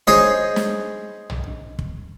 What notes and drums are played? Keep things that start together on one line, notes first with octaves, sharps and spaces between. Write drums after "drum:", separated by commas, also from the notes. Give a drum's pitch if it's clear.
D#4 G#4 C5 C#5 D#5, drum: snare
drum: snare
drum: tom
drum: kick